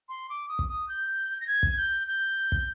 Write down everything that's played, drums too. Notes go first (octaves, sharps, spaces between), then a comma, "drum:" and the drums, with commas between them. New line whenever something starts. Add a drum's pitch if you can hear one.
C6
D6
D#6
drum: kick
D#6
G6
A#6
G#6
drum: kick
G6
G6
drum: kick